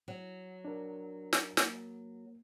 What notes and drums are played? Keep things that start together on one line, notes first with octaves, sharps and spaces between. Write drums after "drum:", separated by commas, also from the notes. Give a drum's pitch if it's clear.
F#3
D4 A#4
drum: snare
A#3, drum: snare